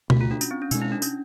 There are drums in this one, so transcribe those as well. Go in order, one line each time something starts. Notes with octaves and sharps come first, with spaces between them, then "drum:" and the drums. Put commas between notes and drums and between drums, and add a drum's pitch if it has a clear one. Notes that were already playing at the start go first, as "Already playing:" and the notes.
D2 C#3 F3 A3 F#4, drum: tom B2
F4
D4
C#4, drum: tambourine
C4
C#4
B2 G#3 C4 D#4, drum: tambourine
E4
D4
C#4, drum: tambourine